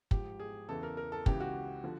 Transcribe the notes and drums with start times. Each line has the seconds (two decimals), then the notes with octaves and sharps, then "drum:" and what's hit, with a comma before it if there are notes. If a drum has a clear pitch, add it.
0.11 G#2 F3 G4, drum: kick
0.40 G#4
0.68 E2 C#3 E3 A4
0.83 A#4
0.97 A#4
1.12 A4
1.26 C#2 C#3 E3 G4, drum: kick
1.40 F#4
1.84 D3 F3